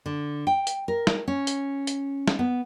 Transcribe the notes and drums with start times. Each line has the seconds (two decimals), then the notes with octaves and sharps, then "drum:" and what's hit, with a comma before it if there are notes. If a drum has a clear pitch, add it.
0.06 D3
0.47 G5
0.67 drum: hi-hat
0.88 A#4
1.07 drum: snare
1.28 C#4
1.47 drum: hi-hat
1.87 drum: hi-hat
2.28 drum: snare
2.39 B3